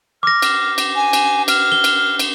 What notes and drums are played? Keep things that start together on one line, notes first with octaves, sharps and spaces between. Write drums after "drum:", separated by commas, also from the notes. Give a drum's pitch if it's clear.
D6 F6 A#6
drum: cymbal
drum: cymbal
G#5
drum: cymbal
F6, drum: cymbal
G7
drum: cymbal
drum: cymbal